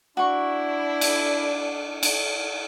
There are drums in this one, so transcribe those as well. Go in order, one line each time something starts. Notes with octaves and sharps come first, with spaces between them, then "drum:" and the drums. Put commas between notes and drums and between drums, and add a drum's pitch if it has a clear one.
D4 E4 F#4 C#6
drum: cymbal
drum: cymbal